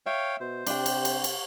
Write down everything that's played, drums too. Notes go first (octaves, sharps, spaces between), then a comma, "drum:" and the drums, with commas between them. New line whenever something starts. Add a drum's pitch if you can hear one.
C#5 E5 F5 G5
B2 C5
C3 D4 G5, drum: cymbal
drum: cymbal
drum: cymbal
drum: cymbal